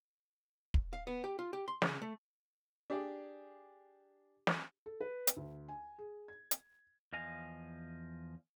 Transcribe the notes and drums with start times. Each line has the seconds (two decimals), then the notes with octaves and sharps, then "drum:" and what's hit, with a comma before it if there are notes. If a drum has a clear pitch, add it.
0.74 drum: kick
0.93 F5
1.07 B3
1.24 G4
1.39 F4
1.53 G4
1.68 C6
1.82 C#3, drum: snare
2.02 A3
2.90 D4 G4 G#4 D5
4.47 drum: snare
4.86 A4
5.01 B4
5.27 drum: hi-hat
5.37 D2
5.68 G#5
5.98 G#4
6.28 G#6
6.51 drum: hi-hat
7.13 E2 F3 D#5 F5 G#5